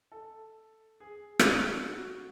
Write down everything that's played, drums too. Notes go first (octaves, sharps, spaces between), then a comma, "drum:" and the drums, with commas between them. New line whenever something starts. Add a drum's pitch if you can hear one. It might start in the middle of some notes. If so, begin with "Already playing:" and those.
A4
G#4
drum: rim click
F#4